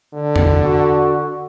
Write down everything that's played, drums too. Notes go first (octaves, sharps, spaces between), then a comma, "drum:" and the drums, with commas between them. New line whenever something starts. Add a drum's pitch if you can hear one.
D3
drum: tom E2
F#4